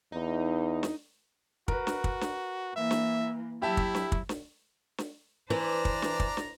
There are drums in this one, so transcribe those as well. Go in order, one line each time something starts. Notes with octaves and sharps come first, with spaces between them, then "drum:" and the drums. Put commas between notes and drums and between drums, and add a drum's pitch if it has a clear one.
E2 D#4
drum: snare
F#4 A#4 B4, drum: kick
drum: snare
drum: kick
drum: snare
E3 A#3 E5
drum: snare
F#3 E4 G4 E5 A5
drum: kick
drum: snare
drum: kick
drum: snare
drum: snare
E3 D4 B4 C5 D5 A#5
drum: kick
drum: snare
drum: kick
drum: snare